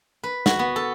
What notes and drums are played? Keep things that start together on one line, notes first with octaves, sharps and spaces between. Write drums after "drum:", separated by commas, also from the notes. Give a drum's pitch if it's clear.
B4
F#4, drum: snare
B3
A4